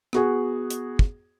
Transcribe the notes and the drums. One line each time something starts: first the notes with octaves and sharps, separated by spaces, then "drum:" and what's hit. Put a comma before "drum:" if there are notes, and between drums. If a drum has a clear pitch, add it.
B3 F#4 G#4, drum: rim click
drum: hi-hat
drum: kick